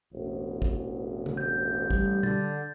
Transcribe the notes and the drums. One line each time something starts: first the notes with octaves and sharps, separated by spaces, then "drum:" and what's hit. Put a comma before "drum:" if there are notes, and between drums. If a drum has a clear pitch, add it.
E1 A1
drum: kick
drum: tom C#3
G6
G3, drum: kick
D3 A6, drum: tom B2